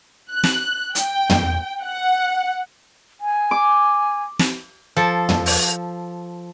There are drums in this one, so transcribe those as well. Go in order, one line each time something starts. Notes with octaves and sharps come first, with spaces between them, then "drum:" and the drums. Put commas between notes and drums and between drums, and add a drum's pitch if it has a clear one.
F#6
drum: snare
G5, drum: hi-hat
drum: tom
F#5
G#5
D6
drum: snare
F3 A4
drum: tom
drum: open hi-hat